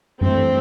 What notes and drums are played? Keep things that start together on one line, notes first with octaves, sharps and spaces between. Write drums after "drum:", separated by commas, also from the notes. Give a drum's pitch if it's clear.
G2 E3 A3 C4, drum: tom F#2